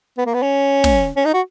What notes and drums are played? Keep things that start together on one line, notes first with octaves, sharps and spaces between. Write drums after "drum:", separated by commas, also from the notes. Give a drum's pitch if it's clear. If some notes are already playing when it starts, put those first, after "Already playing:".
B3
A#3
B3
C#4
drum: snare
C#4
D#4
F#4